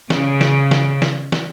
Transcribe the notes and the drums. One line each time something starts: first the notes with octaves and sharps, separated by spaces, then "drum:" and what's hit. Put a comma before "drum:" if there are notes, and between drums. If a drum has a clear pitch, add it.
C#3, drum: snare
drum: snare
drum: snare
drum: snare
drum: snare